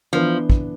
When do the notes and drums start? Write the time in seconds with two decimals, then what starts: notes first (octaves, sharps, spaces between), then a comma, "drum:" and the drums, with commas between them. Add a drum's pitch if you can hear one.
0.13 E3 F3 B3 D4
0.50 drum: kick